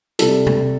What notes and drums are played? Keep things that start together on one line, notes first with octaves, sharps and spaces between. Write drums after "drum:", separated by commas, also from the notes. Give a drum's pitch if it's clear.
C3 G3 A4, drum: hi-hat
drum: tom C3